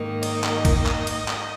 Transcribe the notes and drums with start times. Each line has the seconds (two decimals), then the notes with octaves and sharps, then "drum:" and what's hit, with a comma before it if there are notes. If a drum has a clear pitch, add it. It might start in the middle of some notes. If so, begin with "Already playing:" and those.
Already playing: G#2 D#3 A#3 D#4
0.23 D#5, drum: cymbal
0.44 drum: clap
0.65 drum: kick, cymbal
0.86 drum: clap
1.07 drum: cymbal
1.28 drum: clap